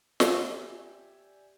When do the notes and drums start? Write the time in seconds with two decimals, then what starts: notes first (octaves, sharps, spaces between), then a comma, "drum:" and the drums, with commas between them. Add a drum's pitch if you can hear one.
0.20 G4 D5 E5 G#5, drum: snare